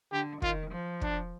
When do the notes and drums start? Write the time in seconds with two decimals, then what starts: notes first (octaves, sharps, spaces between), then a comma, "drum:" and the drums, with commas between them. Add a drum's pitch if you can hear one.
0.12 D3 G4
0.42 D#3 F4, drum: kick
0.73 F3
1.01 D4, drum: kick